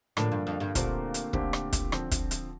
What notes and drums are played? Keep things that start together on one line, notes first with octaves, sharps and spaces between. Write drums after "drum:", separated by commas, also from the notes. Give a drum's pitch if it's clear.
A2 D3 F3 A#3 D4 A4, drum: rim click
G2
F2
G2
A#2 D3 A3 C4 G4 C5, drum: kick, hi-hat
drum: hi-hat
D3 A3 C4 G4 C5, drum: kick
drum: rim click
drum: kick, hi-hat
D3 F3 C4, drum: rim click
drum: kick, hi-hat
drum: hi-hat